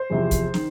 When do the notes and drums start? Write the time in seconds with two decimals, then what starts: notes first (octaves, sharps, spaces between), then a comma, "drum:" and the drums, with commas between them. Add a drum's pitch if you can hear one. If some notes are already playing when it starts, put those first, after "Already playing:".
Already playing: C5
0.10 E2 C3 F3
0.31 drum: kick, hi-hat
0.54 D#3, drum: snare